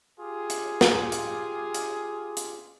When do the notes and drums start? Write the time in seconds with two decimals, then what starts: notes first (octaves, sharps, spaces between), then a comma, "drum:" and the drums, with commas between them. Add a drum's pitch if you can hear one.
0.19 F4 G4 G#4
0.50 drum: hi-hat
0.81 drum: snare
1.12 drum: hi-hat
1.74 drum: hi-hat
2.37 drum: hi-hat